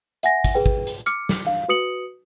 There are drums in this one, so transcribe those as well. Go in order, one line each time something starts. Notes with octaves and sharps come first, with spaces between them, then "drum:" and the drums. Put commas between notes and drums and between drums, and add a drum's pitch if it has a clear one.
E5 F#5 G#5 A#6, drum: hi-hat
drum: kick, hi-hat
G#4 B4 G5
drum: kick
drum: hi-hat
D6 F6 C#7, drum: hi-hat
drum: snare
F5
F#4 B4 D#6 C#7 F#7